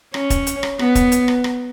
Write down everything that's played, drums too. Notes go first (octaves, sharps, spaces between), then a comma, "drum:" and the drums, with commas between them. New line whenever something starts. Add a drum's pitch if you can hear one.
C#4, drum: rim click
drum: kick, hi-hat
drum: hi-hat
drum: rim click
B3, drum: rim click
drum: kick, hi-hat
drum: hi-hat
drum: rim click
drum: rim click